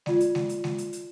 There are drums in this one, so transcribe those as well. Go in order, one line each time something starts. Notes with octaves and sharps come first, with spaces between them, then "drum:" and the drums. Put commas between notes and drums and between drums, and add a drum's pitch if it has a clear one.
F4 D5, drum: snare G#3
drum: hi-hat
drum: snare G#3
drum: hi-hat
drum: snare G#3
drum: hi-hat
drum: hi-hat